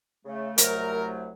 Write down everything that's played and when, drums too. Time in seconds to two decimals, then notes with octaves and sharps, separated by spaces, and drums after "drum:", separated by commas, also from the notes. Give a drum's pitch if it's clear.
0.24 C#3 A3
0.58 C2 F#3 A3 A#4, drum: hi-hat